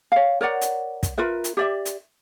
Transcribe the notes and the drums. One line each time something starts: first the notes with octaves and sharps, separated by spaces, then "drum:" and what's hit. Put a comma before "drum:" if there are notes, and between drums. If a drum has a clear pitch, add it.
C#5 F5
A#4 C#5 D5 F#5
drum: hi-hat
drum: kick, hi-hat
F4 A#4 B4 E5
drum: hi-hat
G4 D5 E5
drum: hi-hat